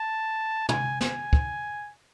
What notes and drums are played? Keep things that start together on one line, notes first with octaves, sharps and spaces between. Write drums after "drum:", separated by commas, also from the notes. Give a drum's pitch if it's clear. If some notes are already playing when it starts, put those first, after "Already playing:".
Already playing: A5
G#5, drum: tom
G#5, drum: snare
drum: kick